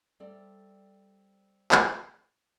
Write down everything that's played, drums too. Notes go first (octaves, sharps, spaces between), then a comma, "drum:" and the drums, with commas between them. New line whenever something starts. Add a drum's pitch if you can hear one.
G3 C4 A4 D5 E5
drum: clap